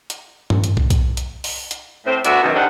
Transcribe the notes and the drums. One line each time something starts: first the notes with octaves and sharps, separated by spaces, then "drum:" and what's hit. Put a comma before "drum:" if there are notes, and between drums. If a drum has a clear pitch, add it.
drum: hi-hat
drum: tom G2
drum: hi-hat
drum: kick
drum: kick, hi-hat
drum: hi-hat
drum: open hi-hat
drum: hi-hat
A2 C4
D2 B3 D4 F#4 D5 E5, drum: hi-hat
F#2 B2 D#3
E2 D3 G3 D#4 C5 F#5